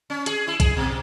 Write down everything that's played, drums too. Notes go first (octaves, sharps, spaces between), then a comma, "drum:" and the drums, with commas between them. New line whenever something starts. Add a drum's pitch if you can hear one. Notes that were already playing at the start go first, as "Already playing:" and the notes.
C#4
G#4, drum: hi-hat
E4
G#4, drum: kick B1, hi-hat
B2